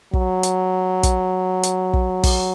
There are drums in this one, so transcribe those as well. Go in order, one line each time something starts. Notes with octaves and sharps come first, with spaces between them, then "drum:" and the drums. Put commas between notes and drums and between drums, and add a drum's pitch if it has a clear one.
F#3, drum: kick
drum: hi-hat
drum: kick, hi-hat
drum: hi-hat
drum: kick
drum: kick, open hi-hat